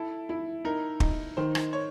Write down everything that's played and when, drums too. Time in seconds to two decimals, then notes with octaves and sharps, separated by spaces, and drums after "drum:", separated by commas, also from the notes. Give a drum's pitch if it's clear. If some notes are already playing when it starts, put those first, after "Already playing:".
Already playing: E4 A4
0.29 E4
0.65 D#4 A#4
1.00 D#4, drum: kick
1.37 D#3 C5
1.55 drum: rim click
1.73 C#5